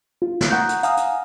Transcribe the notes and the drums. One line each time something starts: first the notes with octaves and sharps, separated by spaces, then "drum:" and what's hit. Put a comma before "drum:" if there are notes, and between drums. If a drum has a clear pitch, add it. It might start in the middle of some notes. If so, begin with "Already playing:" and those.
F4
drum: snare
F#5 A#5 C#6 D#6 F#6 G6
drum: hi-hat
F5 F#5 G#5 A#5 D#6 F6, drum: hi-hat
drum: hi-hat